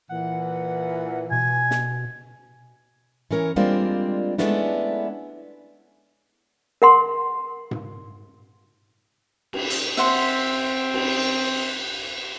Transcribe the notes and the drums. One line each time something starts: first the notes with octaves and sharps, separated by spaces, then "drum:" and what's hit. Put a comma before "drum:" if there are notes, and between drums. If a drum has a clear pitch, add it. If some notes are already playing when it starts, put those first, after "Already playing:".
A#2 E3 F#5
B2 G#5
drum: snare
E3 C#4 A#4 C#5
G3 G#3 A#3 C4 D4 F4
G#3 A3 B3 C#4 D4 E4, drum: snare
A#4 F#5 C6
drum: tom G#2
drum: cymbal
drum: hi-hat
C4 E5 F#5 C6, drum: snare
drum: cymbal